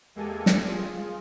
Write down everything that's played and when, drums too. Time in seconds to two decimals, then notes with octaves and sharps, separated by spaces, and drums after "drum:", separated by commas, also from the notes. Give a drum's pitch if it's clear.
0.15 E2 G#3 A#3 G4 A4 G#5
0.46 drum: snare
0.67 F4 G#4